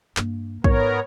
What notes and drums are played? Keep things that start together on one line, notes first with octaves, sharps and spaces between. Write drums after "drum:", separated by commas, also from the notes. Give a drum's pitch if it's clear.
G2 A#3, drum: clap
G#2 B3 A#4 C#5, drum: kick